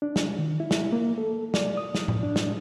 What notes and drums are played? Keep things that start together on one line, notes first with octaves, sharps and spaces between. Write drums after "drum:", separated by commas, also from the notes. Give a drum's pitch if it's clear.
D4
drum: snare
D#3
E4
drum: snare
A#3
A4
D5, drum: snare
D#6
drum: snare
drum: tom A2
D4
drum: snare